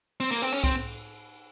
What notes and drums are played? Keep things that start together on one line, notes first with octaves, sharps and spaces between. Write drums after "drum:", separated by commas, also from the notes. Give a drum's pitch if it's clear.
C4
A#3, drum: cymbal
C4
C#4
C4, drum: kick C2
drum: open hi-hat